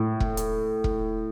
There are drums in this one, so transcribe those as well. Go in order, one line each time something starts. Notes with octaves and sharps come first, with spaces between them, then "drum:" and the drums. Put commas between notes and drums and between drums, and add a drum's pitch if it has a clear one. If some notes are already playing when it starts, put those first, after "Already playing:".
Already playing: A2
drum: kick E1
drum: hi-hat
drum: kick E1